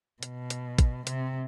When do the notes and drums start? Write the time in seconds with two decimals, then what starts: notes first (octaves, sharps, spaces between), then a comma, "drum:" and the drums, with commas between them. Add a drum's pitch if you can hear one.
0.23 B2, drum: hi-hat
0.50 drum: hi-hat
0.78 drum: kick, hi-hat
1.07 C3, drum: hi-hat